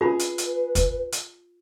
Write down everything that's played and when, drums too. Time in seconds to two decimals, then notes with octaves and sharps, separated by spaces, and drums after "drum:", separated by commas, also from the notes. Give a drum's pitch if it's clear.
0.01 F4 G#4 B4 B5
0.19 drum: hi-hat
0.38 drum: hi-hat
0.75 drum: kick, hi-hat
1.12 drum: hi-hat